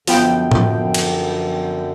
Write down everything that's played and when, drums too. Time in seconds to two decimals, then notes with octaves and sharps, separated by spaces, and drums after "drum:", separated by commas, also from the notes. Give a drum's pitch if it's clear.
0.07 F#2 D3 F3 B3 G5, drum: open hi-hat
0.51 drum: tom A2
0.94 drum: cymbal